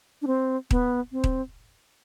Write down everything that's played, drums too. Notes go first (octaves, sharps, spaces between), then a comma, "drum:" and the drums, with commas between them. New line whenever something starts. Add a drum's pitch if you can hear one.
D4
C4
B3, drum: kick D#1
C4
drum: kick D#1